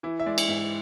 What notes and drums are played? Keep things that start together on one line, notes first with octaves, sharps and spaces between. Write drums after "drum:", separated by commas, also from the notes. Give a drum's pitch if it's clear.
E3 E4
E5
G#3 D5
drum: cymbal
G#2 E5